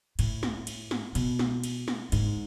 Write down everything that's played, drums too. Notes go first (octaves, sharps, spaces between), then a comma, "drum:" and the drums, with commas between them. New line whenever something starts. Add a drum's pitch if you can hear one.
A2, drum: cymbal
drum: snare
drum: cymbal
drum: snare
B2, drum: cymbal
drum: snare
drum: cymbal
drum: snare
G#2, drum: cymbal